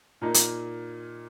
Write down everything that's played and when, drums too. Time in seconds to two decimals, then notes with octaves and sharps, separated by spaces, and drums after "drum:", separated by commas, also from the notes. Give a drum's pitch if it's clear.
0.21 A#2 A#3 D#4
0.34 drum: hi-hat